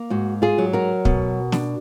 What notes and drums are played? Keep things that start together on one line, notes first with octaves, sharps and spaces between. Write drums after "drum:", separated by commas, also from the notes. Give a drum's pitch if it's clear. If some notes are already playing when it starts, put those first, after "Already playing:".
Already playing: A#3
G#2 F#4
F4 G#4
F#3
F#4 A#4
B2, drum: kick
D4, drum: snare